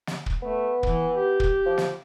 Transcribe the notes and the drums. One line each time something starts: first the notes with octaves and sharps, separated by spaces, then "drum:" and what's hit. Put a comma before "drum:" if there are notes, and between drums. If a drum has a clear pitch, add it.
drum: snare
drum: kick
A3 B3
E3, drum: kick
G4
drum: kick
F3
drum: snare